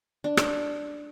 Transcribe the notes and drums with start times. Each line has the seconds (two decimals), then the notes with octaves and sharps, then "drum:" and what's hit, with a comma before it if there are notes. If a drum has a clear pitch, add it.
0.24 D4
0.37 drum: rim click